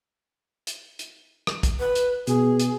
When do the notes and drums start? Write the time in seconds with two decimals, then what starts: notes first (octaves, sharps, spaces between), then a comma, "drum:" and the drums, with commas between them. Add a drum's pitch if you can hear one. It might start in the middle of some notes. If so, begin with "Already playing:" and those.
0.67 drum: hi-hat
0.99 drum: hi-hat
1.47 drum: rim click
1.63 drum: kick, hi-hat
1.79 B4
1.95 drum: hi-hat
2.27 B2 G#4, drum: hi-hat
2.60 drum: hi-hat